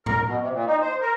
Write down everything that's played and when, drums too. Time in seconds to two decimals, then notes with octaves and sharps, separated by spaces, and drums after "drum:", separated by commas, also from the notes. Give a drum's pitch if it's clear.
0.06 A#4, drum: tom A2
0.26 B2
0.40 C3
0.52 A#2
0.67 D#4
0.82 C5
1.01 A#4